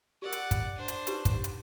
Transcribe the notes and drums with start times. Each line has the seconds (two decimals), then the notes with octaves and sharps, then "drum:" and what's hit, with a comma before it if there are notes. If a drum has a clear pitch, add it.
0.22 G4 A#4 D5 F#5
0.32 drum: hi-hat
0.51 drum: kick, hi-hat
0.75 D4 C5
0.88 drum: hi-hat
1.07 D#4 G4 B4, drum: hi-hat
1.25 drum: kick, hi-hat
1.44 drum: hi-hat